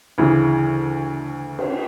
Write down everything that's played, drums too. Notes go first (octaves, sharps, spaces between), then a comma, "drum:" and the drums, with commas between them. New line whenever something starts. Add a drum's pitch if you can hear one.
D2 C#3 E3
drum: cymbal